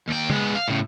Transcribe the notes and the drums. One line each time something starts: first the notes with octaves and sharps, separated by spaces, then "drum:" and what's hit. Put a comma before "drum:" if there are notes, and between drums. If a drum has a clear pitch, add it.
D#2 G5
G#3 B3, drum: tom
F5
A2 C#3